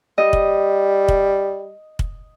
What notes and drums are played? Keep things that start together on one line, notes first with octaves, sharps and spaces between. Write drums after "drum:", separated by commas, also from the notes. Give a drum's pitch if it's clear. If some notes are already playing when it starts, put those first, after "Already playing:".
G3 D#5
drum: kick
drum: kick
drum: kick